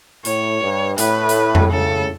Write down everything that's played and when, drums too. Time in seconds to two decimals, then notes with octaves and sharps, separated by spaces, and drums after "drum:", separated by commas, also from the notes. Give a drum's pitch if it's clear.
0.25 A2 C#5, drum: hi-hat
0.61 G2
0.98 A2 B4, drum: hi-hat
1.29 drum: hi-hat
1.55 drum: tom F2
1.70 A2 C#3 A4